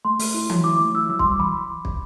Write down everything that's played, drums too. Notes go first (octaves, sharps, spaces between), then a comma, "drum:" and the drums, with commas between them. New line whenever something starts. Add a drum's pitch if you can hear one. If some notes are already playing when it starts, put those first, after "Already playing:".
A3 C6
A3, drum: open hi-hat
E4
F#3, drum: tom E3
E4 D6
A3
E4 E6
F#3 E6
C6, drum: kick
G3 D6
E3 B5
drum: kick